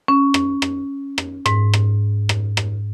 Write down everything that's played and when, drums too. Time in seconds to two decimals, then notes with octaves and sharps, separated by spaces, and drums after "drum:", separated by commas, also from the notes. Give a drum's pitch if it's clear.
0.08 C#4
0.34 drum: rim click
0.62 drum: rim click
1.18 drum: rim click
1.46 G#2, drum: rim click
1.73 drum: rim click
2.29 drum: rim click
2.57 drum: rim click